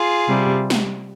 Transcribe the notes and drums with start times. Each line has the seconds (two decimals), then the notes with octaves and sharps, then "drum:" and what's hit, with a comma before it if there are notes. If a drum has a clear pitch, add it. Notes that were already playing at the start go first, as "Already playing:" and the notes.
Already playing: F4 G#4
0.28 C3 G3
0.70 drum: snare